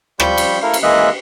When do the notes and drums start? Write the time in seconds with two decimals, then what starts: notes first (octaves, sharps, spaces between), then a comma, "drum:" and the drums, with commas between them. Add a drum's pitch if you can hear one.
0.20 F3 G3 B5 C#6 G6, drum: rim click
0.38 drum: cymbal
0.62 A3 E4 A#4 F5
0.74 drum: cymbal
0.83 E3 G#3 A#3 D#5 E5 F#6